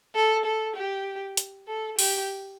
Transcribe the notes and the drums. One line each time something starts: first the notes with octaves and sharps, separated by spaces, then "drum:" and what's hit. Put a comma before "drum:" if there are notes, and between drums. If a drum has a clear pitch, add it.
A4
A4
G4
drum: hi-hat
A4
G4, drum: open hi-hat